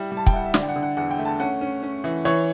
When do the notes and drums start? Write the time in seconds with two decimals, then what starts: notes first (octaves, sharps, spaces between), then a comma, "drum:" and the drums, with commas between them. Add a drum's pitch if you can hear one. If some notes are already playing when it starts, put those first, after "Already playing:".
Already playing: G3 E4
0.12 G3
0.17 A5
0.26 G5, drum: kick
0.33 E4 F#5
0.45 E5
0.54 D3 D5, drum: snare
0.63 G5
0.69 F#5
0.76 D3
0.83 F#5
0.97 E2 F#5
1.11 G5
1.19 A3
1.25 A5
1.40 C#4 F#5
1.61 C#4
1.83 C#4
2.04 E3
2.25 E3 C#5